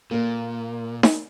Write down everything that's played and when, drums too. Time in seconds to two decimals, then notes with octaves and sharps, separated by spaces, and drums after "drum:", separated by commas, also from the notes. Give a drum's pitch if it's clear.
0.11 A#2 A#3 A#4
1.03 drum: snare D#4